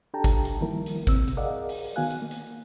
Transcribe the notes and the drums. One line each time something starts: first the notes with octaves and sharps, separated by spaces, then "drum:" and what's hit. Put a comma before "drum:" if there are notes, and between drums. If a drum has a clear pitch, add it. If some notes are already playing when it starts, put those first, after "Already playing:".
D4 G4 A4 G5 A5 A#5
drum: kick G#1, hi-hat
drum: hi-hat
D#3 F3 G3 A#3 E4 A#4
drum: hi-hat
C3 C4 E6, drum: kick G#1, hi-hat
drum: hi-hat
G#4 A#4 D5 D#5 F5 F#5
drum: open hi-hat
D#3 B3 F#4 F5 G#5 F#6
drum: hi-hat
A#3
drum: hi-hat